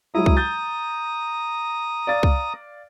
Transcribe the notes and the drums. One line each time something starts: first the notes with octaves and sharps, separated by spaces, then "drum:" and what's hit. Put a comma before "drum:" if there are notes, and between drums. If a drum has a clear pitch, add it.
F#3 G#3 E4 A#5 D#6
drum: kick C2
G6 A6
D5 F5 A6
drum: kick C2